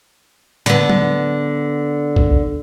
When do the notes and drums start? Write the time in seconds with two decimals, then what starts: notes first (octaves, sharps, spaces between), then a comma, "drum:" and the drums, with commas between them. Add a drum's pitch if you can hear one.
0.66 D3 B3, drum: hi-hat
0.90 drum: tom F#3
2.16 drum: kick A#1